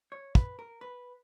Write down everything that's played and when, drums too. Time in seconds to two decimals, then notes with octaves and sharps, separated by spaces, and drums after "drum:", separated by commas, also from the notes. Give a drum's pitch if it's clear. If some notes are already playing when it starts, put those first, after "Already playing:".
0.12 C#5
0.35 B4, drum: kick
0.59 A#4
0.81 B4